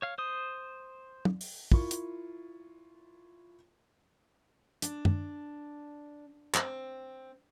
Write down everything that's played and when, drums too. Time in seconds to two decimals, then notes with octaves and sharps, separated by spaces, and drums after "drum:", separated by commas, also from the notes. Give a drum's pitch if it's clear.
0.02 C#5 F5
0.18 C5 D#6
1.25 drum: tom
1.41 drum: open hi-hat
1.72 E4 F4 A#4 C#6, drum: kick
1.91 drum: hi-hat
4.82 D4, drum: hi-hat
5.05 drum: tom F#2
6.54 C4, drum: clap